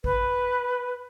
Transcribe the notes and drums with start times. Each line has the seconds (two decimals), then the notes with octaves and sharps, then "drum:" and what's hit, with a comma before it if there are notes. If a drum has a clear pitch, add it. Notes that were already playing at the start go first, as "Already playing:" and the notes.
0.04 B4, drum: kick G#1